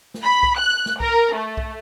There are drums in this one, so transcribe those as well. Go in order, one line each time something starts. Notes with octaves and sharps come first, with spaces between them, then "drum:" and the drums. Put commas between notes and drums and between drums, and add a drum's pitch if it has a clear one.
drum: snare
B5
drum: kick B1
F#6
drum: snare
A#4, drum: kick B1
A3
drum: kick B1